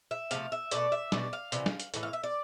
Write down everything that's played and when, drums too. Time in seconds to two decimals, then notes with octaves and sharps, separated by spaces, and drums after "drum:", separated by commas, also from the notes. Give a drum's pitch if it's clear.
0.11 E5
0.31 C3 F3 A3 F5, drum: hi-hat
0.52 E5
0.71 B2 A3 D5, drum: hi-hat
0.92 E5
1.12 B2 G3 D5, drum: snare
1.33 F5
1.52 C3 E3 G3, drum: hi-hat
1.66 drum: snare
1.80 drum: hi-hat
1.94 A2 E3 A3, drum: hi-hat
2.03 F5
2.13 E5
2.24 D5